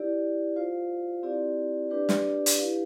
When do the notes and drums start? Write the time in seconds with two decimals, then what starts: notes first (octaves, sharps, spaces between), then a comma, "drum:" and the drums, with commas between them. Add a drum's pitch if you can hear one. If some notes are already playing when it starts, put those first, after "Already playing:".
Already playing: E4 G4 D5
0.56 F4 C5 F5
1.23 C4 E4 G4 D5
1.91 D4 G4 B4 D5
2.09 drum: snare
2.46 drum: hi-hat
2.58 E4 G4 B4 F5